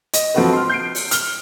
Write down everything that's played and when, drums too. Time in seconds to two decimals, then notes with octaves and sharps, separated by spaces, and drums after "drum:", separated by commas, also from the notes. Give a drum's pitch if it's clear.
0.14 D#5, drum: hi-hat
0.34 F3 C4 F4 F#4 A4 B4
0.53 C6 F6
0.70 G6 C7 D7
0.95 drum: open hi-hat
1.11 F6 G7, drum: hi-hat